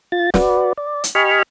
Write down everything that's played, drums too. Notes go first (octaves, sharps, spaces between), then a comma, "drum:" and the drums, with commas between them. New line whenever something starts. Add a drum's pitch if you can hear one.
F4 A6
F#4 B4 D5, drum: snare
D5
drum: hi-hat
G4 D#5 G#5 B5 C#6 F6